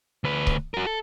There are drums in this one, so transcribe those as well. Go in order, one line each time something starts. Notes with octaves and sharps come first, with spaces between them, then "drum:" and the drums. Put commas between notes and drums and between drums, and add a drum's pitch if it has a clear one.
D2 B4
drum: kick C#1
F#4 A#4
A4